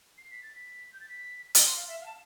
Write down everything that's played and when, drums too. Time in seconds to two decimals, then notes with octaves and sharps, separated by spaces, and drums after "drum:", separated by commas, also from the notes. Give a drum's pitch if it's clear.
0.18 C7
0.31 B6
0.43 A6
0.56 B6
0.93 G6
1.01 A6
1.09 B6
1.55 A6, drum: hi-hat
1.66 C6
1.77 F5
1.88 E5
2.01 F5
2.06 A5